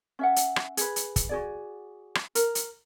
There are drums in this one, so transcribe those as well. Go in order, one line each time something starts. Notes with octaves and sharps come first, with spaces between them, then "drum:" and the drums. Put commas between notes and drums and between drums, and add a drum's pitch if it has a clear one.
C#4 E5 F#5
drum: hi-hat
drum: rim click
G#4 B4, drum: hi-hat
drum: hi-hat
drum: kick, hi-hat
F#4 G#4 D5
drum: rim click
A#4, drum: hi-hat
drum: hi-hat